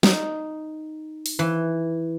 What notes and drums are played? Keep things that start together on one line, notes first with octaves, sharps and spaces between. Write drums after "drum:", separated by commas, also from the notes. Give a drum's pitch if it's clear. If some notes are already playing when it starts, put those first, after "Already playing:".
D#4, drum: snare
drum: open hi-hat
E3